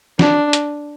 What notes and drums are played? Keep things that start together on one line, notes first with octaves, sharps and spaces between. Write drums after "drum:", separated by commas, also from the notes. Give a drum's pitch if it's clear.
D4, drum: snare
drum: hi-hat